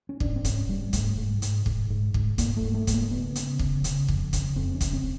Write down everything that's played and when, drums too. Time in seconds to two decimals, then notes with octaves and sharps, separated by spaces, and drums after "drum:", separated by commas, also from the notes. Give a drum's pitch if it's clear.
0.09 C#4
0.20 G#2 D4, drum: kick
0.36 C4
0.45 G#2 C#4, drum: kick, hi-hat
0.68 G#2 G3
0.93 G#2 A3, drum: kick, hi-hat
1.18 G#2
1.42 G#2, drum: hi-hat
1.66 G#2, drum: kick
1.90 G#2
2.14 G#2, drum: kick
2.38 G#2 A#3, drum: kick, hi-hat
2.57 A3
2.62 G#2
2.74 A3
2.87 G#2, drum: kick, hi-hat
2.93 A#3
3.11 C#3 B3
3.35 C#3, drum: hi-hat
3.59 C#3, drum: kick
3.84 C#3, drum: hi-hat
4.08 F2, drum: kick
4.33 C#3, drum: kick, hi-hat
4.56 F2 C4
4.75 C#4
4.81 C#3, drum: kick, hi-hat
4.93 C4